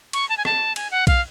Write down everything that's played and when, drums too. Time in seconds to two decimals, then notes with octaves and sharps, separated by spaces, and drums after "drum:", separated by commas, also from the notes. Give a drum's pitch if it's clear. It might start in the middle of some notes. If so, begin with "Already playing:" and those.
0.13 C#6, drum: cymbal
0.29 A5
0.37 G#5
0.45 A5, drum: rim click
0.76 G#5, drum: cymbal
0.91 F#5
1.07 F5, drum: kick B1, cymbal